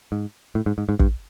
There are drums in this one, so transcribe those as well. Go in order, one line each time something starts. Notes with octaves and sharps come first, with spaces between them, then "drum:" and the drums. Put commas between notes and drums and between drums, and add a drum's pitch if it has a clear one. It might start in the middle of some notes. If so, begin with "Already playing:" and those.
G#2
A2
G#2
G#2
G#2
G2, drum: kick